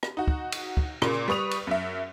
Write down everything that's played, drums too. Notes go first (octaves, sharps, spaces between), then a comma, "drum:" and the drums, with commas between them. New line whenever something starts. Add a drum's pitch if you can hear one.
drum: rim click
D#4 F#4
drum: kick
drum: cymbal
drum: kick
A#2 C#3 A#3, drum: rim click
G3 B4 C#6 D#6 F7
drum: cymbal
F#2 E5